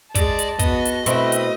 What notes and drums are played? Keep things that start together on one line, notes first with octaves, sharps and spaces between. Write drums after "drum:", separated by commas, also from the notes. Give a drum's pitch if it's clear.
G#3 D5 A5, drum: kick, hi-hat
drum: hi-hat
B3 F#4 D#5, drum: kick, hi-hat
drum: hi-hat
B2 A3 C4 E4 B4, drum: hi-hat
drum: hi-hat